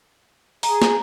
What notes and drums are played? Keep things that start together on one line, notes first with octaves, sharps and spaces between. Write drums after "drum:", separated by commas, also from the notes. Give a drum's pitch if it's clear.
G#4 A#5, drum: open hi-hat
drum: snare